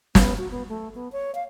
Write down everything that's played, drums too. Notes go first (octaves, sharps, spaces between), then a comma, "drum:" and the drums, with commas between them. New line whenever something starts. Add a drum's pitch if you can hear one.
B3, drum: snare
F#4
B3
A3
B3
C#5
F5